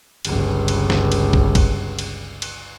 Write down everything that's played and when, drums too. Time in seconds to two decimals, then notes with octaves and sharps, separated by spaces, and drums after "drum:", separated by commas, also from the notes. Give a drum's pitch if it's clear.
0.25 G1 C#2, drum: cymbal
0.68 drum: cymbal
0.90 drum: snare
1.12 drum: cymbal
1.33 drum: kick
1.55 drum: kick, cymbal
1.99 drum: cymbal
2.42 drum: cymbal